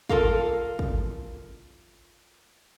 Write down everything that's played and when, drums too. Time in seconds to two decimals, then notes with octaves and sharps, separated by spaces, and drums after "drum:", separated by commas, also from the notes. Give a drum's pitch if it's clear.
0.09 F4 A4 A#4 F5, drum: kick
0.79 drum: kick